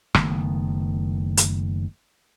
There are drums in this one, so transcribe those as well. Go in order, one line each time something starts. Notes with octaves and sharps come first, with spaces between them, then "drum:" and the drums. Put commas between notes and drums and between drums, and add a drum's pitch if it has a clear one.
F#1 D#3 A3 B3, drum: rim click
drum: hi-hat